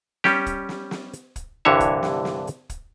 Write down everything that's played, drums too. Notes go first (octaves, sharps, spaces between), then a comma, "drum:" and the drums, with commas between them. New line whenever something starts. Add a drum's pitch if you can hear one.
G3 C#4 G4, drum: snare
drum: kick, hi-hat
drum: snare
drum: snare
drum: hi-hat
drum: kick, hi-hat
C2 G2 D3 E3 C#5 E5
drum: kick, hi-hat
drum: snare
drum: snare
drum: hi-hat
drum: kick, hi-hat